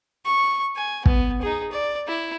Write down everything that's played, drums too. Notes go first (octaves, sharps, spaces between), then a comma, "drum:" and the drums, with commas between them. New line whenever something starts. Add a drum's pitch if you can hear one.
C#6
G#5
B3, drum: kick
D#4 G#4
D5
E4